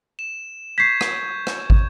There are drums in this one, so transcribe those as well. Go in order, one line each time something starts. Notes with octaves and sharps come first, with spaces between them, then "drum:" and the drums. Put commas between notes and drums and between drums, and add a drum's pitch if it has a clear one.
E7
C#6 G6 G#6 B6 C7
drum: rim click
drum: rim click
drum: kick